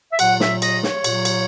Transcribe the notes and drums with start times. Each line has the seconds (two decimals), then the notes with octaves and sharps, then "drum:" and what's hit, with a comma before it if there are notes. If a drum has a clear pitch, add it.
0.12 E5
0.19 A#2 F#3 F#5, drum: cymbal
0.40 E5, drum: snare
0.62 D#5, drum: cymbal
0.83 C#5, drum: snare
1.04 A#2 F#3, drum: cymbal
1.25 drum: cymbal